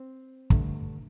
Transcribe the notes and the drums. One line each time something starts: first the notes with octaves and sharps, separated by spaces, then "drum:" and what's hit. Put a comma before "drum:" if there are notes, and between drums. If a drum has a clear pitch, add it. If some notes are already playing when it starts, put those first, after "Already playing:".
Already playing: C4
G2 D3 A3, drum: kick